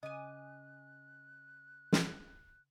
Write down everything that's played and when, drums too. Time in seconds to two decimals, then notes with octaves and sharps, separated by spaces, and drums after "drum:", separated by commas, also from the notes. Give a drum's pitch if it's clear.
0.03 C#3 D#5 G#5 D6 D#6 F#6
1.92 drum: snare